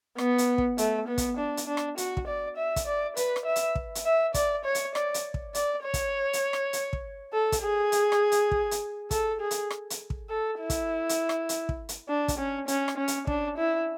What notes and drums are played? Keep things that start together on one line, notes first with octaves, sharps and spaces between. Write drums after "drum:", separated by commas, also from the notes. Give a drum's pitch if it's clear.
B3, drum: rim click
drum: hi-hat
drum: kick
A3, drum: hi-hat
B3
drum: kick, hi-hat
D4
drum: hi-hat
D4
drum: rim click
F#4, drum: hi-hat
drum: kick
D5
E5
drum: kick, hi-hat
D5
B4, drum: hi-hat
drum: rim click
E5
drum: hi-hat
drum: kick
drum: hi-hat
E5
D5, drum: kick, hi-hat
C#5
drum: hi-hat
D5, drum: rim click
drum: hi-hat
drum: kick
D5, drum: hi-hat
C#5
drum: kick, hi-hat
drum: hi-hat
drum: rim click
drum: hi-hat
drum: kick
A4
drum: kick, hi-hat
G#4
drum: hi-hat
drum: rim click
drum: hi-hat
drum: kick
drum: hi-hat
A4, drum: kick, hi-hat
G#4
drum: hi-hat
drum: rim click
drum: hi-hat
drum: kick
A4
E4
drum: kick, hi-hat
drum: hi-hat
drum: rim click
drum: hi-hat
drum: kick
drum: hi-hat
D4
drum: kick, hi-hat
C#4
C#4, drum: hi-hat
drum: rim click
C#4
drum: hi-hat
D4, drum: kick
E4